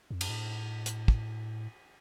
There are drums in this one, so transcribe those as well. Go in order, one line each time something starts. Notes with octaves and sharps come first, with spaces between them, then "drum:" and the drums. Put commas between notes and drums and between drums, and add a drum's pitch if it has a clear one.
F2
F#2, drum: cymbal
A2
drum: hi-hat
drum: kick